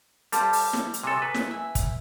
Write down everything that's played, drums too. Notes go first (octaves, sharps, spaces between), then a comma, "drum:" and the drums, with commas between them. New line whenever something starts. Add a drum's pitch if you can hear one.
G3 A4 C5 F5, drum: hi-hat
drum: open hi-hat
drum: snare
drum: hi-hat
C3 G#4 A4 C#5 A#5
B4
drum: snare
E5 G#5
drum: kick, hi-hat